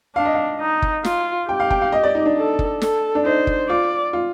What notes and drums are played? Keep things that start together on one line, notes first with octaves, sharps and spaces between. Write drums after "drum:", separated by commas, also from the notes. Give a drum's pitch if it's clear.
D4 F5
D#5
F5
D#4
drum: kick
F4, drum: snare
G4 G5
F5
G5, drum: kick
F5
D#5
D5
D#4
D4
A4
drum: kick
A4, drum: snare
D4
D#4 C5
drum: kick
F4 D5
F4